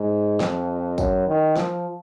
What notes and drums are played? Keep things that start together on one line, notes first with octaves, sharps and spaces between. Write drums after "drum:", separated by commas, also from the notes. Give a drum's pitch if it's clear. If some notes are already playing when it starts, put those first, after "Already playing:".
Already playing: G#2
F2, drum: snare
F#2, drum: kick, tambourine
D#3
F3, drum: snare